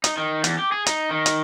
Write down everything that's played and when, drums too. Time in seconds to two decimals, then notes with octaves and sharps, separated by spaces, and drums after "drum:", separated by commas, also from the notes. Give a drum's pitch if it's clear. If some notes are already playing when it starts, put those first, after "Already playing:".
0.04 D#4, drum: hi-hat
0.18 D#3
0.44 E2, drum: hi-hat
0.59 G4
0.72 G#4
0.86 D#4, drum: hi-hat
1.11 D#3
1.26 drum: hi-hat